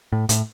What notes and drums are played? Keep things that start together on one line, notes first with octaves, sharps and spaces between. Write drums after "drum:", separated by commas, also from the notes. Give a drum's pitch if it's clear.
A2
A2, drum: hi-hat